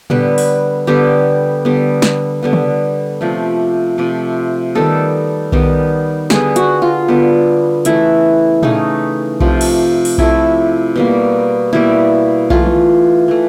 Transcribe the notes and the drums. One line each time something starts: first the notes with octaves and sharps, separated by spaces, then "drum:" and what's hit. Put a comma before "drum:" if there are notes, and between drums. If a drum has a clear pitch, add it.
D3 G3 B3 B4, drum: tom
drum: open hi-hat
D3 G3 B3 G4
D3 G3 B3
drum: snare
D3 G3 B3
drum: tom
C3 F3 A3
C3 F3 A3
D#3 G3 B3 A4
D#3 G3 B3, drum: kick B1
D3 G3 B3 G#4, drum: snare
F#4, drum: hi-hat
F4
D3 G3 B3
C#3 E3 A3 E4, drum: hi-hat
C#3 E3 A3 D#4, drum: tom
C3 F3 A3, drum: kick B1
drum: cymbal
drum: open hi-hat
C3 F3 A3 E4, drum: kick B1
B2 G3 A#3
B2 G3 A#3 E4
E3 A3 F4, drum: kick B1
drum: tom D3
E3 A3